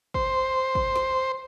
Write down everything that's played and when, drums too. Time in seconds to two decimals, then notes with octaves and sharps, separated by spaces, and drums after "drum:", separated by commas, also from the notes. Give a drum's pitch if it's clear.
0.14 C5, drum: kick
0.75 drum: kick
0.96 drum: snare